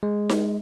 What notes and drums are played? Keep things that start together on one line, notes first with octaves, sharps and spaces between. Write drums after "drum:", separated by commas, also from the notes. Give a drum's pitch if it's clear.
G#3
drum: snare D#4